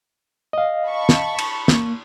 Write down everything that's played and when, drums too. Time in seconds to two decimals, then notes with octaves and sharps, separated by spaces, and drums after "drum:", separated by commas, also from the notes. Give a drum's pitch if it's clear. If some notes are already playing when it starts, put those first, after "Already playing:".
0.53 D#5 F5
0.87 A5 B5 C#6
1.09 drum: snare
1.39 drum: cymbal
1.68 A#3, drum: snare